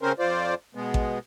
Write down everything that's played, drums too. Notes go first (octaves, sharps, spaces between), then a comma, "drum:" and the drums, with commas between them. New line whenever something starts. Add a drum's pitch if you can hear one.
C#3 C4 C#4 A#4 C5
F2 F4 C5 D5
B2 G#3 B3
drum: kick A1